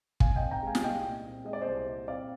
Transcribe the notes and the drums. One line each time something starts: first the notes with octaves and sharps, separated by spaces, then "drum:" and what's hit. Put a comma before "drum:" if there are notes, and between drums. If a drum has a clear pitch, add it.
A#2 F5 G#5, drum: kick
D#5 G5
C4
G5 A#5
G#3 F5 G#5
F5, drum: snare
C2 D#5 G5
A#2
C4
G#3 D#5
D5
C2 C5 D#5
A#2
C4 D5 F5